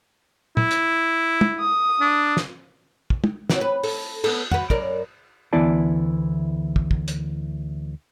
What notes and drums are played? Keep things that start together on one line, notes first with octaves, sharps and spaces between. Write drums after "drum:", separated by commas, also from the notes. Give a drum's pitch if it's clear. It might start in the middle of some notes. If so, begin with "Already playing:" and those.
E4, drum: tom
drum: hi-hat
drum: tom
D#6
D4
drum: snare
drum: kick
drum: tom
E2 F#3 C4, drum: snare
B4
A4, drum: open hi-hat
B3 A4, drum: cymbal
F#4 B4, drum: tom
F#2 A#4 D5, drum: kick
D2 E3 B3 E4 D5 A5
drum: kick
drum: kick
drum: hi-hat